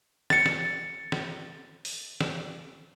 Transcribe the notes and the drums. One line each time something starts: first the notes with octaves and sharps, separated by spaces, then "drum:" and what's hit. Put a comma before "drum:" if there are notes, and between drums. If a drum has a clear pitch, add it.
A6 C#7, drum: snare
drum: snare
drum: snare
drum: open hi-hat
drum: snare